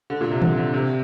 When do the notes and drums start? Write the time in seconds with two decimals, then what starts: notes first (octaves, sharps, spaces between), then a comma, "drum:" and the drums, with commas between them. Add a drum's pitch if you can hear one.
0.10 D3
0.21 A#2
0.31 C3
0.42 D3, drum: tom D#3
0.57 D3
0.73 C3